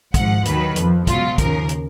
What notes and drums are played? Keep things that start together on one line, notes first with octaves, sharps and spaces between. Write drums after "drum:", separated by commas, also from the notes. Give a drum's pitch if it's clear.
G#1 G#2 F3 F#5, drum: kick, hi-hat
D#2 D#3 F#3 B4, drum: hi-hat
F2 F3, drum: hi-hat
C#2 B2 F#3 F4, drum: kick, hi-hat
D#2 C#3 F3 A#4, drum: kick, hi-hat
drum: hi-hat